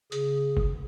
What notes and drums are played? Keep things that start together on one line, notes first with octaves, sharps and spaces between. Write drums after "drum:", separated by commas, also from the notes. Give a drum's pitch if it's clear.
C#3 G#4, drum: hi-hat
drum: kick G1